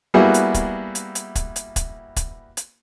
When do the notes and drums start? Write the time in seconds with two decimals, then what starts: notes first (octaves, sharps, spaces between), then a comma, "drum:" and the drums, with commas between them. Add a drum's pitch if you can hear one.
0.14 G3 A#3 B3 E4 F#4 G#4
0.34 drum: hi-hat
0.54 drum: kick, hi-hat
0.95 drum: hi-hat
1.15 drum: hi-hat
1.35 drum: kick, hi-hat
1.56 drum: hi-hat
1.76 drum: kick, hi-hat
2.16 drum: kick, hi-hat
2.57 drum: hi-hat